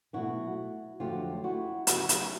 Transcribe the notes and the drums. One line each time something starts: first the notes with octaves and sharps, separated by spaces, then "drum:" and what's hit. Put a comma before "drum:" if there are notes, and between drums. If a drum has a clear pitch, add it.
B2 F#3 A3 E4 F#4
F2 D3 F#3 A3 F4 G4
E4 F#4
F2 C#3 F#3 A3 E4 F#4, drum: hi-hat
D#4 F4, drum: hi-hat